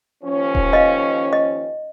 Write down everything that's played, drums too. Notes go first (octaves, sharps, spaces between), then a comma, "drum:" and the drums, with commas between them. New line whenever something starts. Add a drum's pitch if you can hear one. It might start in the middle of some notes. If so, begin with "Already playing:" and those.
D#2 F3 C#4
drum: kick D#1
D#5 F5
D#5